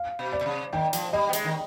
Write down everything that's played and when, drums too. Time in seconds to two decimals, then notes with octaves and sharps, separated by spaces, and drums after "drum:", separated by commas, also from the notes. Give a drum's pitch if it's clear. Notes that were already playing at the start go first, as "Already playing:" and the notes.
Already playing: F5
0.19 B2
0.32 D5
0.41 B2
0.46 C3
0.73 D#3 G5
0.93 F3, drum: hi-hat
1.13 G3 D#5
1.29 B3
1.33 G#3, drum: hi-hat
1.44 D#3